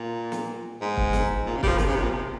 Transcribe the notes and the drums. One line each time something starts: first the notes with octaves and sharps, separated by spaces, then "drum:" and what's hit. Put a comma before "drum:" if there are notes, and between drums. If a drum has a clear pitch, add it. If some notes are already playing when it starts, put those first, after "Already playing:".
Already playing: A#2
drum: snare
G#2
drum: kick
drum: snare
A#2
C#3
G3, drum: kick
F3
D#3, drum: snare
C#3
C3
A#2
C3